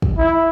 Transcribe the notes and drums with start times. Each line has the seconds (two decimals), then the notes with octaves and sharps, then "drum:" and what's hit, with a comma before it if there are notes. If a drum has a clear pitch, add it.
0.02 drum: kick
0.18 E4